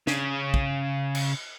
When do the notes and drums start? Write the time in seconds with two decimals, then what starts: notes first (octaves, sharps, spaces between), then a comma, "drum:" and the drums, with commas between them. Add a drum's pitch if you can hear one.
0.07 C#3, drum: snare
0.54 drum: kick
1.15 drum: cymbal